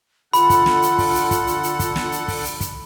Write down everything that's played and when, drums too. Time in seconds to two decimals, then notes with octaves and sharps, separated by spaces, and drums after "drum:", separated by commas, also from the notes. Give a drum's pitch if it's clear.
0.33 D3 F4 A4 F#5 B5, drum: hi-hat
0.50 drum: kick, hi-hat
0.66 drum: snare
0.82 drum: hi-hat
0.98 drum: kick, open hi-hat
1.15 drum: hi-hat
1.31 drum: kick, hi-hat
1.47 drum: hi-hat
1.63 drum: hi-hat
1.79 drum: kick, hi-hat
1.96 drum: snare
2.12 drum: hi-hat
2.28 drum: kick, open hi-hat
2.44 drum: hi-hat
2.60 drum: kick, hi-hat